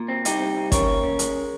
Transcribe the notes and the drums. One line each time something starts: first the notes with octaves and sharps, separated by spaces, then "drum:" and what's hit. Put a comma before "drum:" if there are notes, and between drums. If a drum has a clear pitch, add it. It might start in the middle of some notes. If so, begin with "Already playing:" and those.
Already playing: A#2
C4
C2 D#4 G4, drum: hi-hat
C4
C2
C#4 A#4 C#5, drum: kick, hi-hat
D#2
C#4
G#3, drum: hi-hat